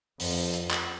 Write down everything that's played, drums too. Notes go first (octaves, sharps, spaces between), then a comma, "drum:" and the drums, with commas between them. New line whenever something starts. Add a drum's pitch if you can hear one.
F2, drum: open hi-hat
drum: hi-hat
drum: clap